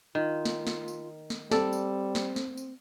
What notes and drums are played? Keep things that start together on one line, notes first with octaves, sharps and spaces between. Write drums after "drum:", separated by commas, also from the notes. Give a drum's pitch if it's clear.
D#3 F4
drum: snare
drum: snare
drum: tambourine
drum: snare
G3 C4 A4 D5, drum: snare
drum: tambourine
drum: snare
drum: snare
drum: tambourine